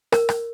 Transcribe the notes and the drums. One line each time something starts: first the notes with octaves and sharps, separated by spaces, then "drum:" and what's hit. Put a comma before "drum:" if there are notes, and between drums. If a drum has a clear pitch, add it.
A#4, drum: rim click
drum: rim click